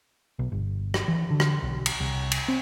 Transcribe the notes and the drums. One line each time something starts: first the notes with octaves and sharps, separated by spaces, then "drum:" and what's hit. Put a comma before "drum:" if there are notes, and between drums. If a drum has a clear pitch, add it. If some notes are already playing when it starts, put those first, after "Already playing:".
B1
G1
drum: rim click
E3
D3
drum: rim click
B1
drum: cymbal
C2
drum: cymbal
C4